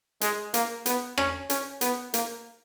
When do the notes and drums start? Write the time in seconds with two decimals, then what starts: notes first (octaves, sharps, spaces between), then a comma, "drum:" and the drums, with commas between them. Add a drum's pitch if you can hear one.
0.21 G#3, drum: hi-hat
0.54 A#3, drum: hi-hat
0.86 B3, drum: hi-hat
1.18 C#4, drum: rim click
1.50 C#4, drum: hi-hat
1.81 B3, drum: hi-hat
2.14 A#3, drum: hi-hat